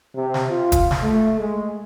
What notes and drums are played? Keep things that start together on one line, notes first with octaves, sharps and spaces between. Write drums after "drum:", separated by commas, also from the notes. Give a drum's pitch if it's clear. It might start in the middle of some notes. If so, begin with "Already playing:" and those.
C3
drum: snare
F4
drum: kick, hi-hat
drum: snare
A3
G#3